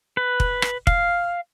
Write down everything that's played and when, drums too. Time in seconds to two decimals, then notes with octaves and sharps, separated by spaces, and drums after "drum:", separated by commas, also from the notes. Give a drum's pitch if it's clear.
0.17 B4
0.40 drum: kick
0.62 drum: rim click
0.87 F5, drum: kick